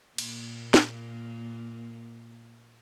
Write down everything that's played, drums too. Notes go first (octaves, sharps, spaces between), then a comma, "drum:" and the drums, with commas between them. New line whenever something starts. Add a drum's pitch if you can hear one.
A#2 A#3, drum: cymbal
drum: snare